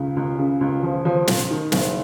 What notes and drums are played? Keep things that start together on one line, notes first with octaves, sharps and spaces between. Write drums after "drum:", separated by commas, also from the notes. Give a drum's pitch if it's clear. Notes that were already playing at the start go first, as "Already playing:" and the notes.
Already playing: C#2 C#3
C#2
C#3
C#2
F3
F3
F3, drum: snare
D#3
F#1, drum: snare